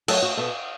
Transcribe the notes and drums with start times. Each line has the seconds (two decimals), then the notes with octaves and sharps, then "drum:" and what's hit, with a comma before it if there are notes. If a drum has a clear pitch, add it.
0.08 F#3 A3 A4, drum: cymbal
0.22 F#4
0.37 B2 A4